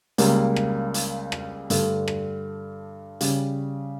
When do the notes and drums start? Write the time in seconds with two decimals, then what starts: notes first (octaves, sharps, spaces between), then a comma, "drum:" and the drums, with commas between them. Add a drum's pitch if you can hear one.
0.18 C#2 C#3 G3 A#3, drum: hi-hat
0.56 drum: rim click
0.94 drum: hi-hat
1.32 drum: rim click
1.70 G2 D3 A3, drum: hi-hat
2.08 drum: rim click
3.21 C#3 G3, drum: hi-hat